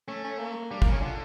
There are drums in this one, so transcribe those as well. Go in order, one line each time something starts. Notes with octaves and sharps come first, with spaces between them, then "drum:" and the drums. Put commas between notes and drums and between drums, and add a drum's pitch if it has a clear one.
A3 C#4
C#4
A#3
G3 D4
C#3 A#3, drum: kick
C#4
D3 F4